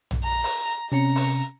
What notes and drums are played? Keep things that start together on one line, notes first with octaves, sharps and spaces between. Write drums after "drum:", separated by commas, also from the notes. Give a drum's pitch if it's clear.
drum: tom A#1
A#5
drum: open hi-hat
C3 C#4 A#5 C#7, drum: hi-hat
drum: open hi-hat